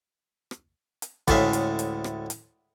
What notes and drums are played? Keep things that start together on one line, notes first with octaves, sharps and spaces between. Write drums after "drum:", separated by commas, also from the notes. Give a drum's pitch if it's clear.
drum: rim click
drum: hi-hat
D2 A2 G#3 C#4 E5 F5, drum: kick, hi-hat
drum: hi-hat
drum: hi-hat
drum: rim click
drum: hi-hat